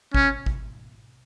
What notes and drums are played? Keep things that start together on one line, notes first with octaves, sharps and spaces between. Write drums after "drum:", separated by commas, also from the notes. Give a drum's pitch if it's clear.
C#4, drum: kick G#1
drum: kick G#1